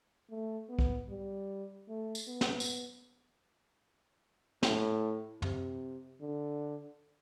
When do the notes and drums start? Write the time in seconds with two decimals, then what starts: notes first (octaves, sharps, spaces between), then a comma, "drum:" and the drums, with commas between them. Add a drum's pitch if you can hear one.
0.30 A3
0.69 B3
0.79 drum: kick B1
1.09 G3
1.88 A3
2.15 drum: tambourine
2.27 B3
2.41 drum: snare
2.60 drum: tambourine
4.63 A2, drum: snare
5.42 C3, drum: tom
6.20 D3